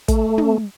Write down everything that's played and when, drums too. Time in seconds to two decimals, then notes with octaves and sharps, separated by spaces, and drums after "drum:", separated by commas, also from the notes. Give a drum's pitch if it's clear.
0.08 A3, drum: kick, hi-hat
0.38 drum: tom